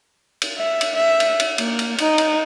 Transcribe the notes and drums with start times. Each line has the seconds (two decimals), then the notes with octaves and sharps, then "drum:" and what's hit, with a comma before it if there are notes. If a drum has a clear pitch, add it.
0.42 drum: cymbal
0.57 E5
0.81 drum: cymbal
0.96 E5
1.20 drum: cymbal
1.40 drum: cymbal
1.58 A#3, drum: cymbal
1.79 drum: cymbal
1.98 D#4, drum: cymbal
2.18 drum: cymbal